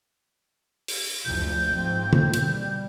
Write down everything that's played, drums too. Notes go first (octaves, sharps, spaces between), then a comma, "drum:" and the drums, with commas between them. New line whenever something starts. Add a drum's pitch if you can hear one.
drum: open hi-hat
F#1 D2 F3 G6
G#2 F3 C4
drum: tom
B2 G3, drum: hi-hat